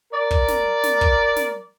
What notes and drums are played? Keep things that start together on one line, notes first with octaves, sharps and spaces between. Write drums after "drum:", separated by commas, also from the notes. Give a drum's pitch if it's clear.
A#4 D5
drum: kick
drum: snare
drum: snare
drum: kick
drum: snare